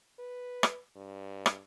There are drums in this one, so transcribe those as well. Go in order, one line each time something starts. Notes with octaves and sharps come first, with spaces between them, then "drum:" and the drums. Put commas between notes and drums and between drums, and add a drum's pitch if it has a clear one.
B4
drum: rim click
G2
drum: rim click